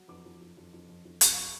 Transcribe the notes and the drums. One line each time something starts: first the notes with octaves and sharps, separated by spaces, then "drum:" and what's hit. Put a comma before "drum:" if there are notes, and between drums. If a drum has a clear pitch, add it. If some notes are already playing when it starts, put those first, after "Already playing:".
Already playing: F#3
F2 D6
F2
F2
F2
F2
F2
F2
F2, drum: hi-hat
F#3 C#6